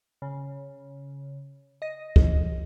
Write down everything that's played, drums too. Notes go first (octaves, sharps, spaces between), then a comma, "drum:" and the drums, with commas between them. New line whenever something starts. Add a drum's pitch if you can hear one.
C#3
D#5 A#6
drum: kick